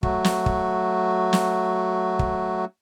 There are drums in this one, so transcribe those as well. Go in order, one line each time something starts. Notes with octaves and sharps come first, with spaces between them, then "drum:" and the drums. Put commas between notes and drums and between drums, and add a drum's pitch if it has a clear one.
F#3 A3 F#4, drum: kick
drum: snare
drum: kick
drum: snare
drum: kick